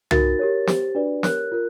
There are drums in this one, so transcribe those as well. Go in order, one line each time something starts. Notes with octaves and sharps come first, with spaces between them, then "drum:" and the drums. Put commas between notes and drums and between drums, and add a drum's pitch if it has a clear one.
D#4 F#4 A#4 A6, drum: tom
G4 A#4 C#5
G4 C5, drum: snare
D4 F#4 B4 D5
G4 A#4 C#5 F#6, drum: snare
F4 A#4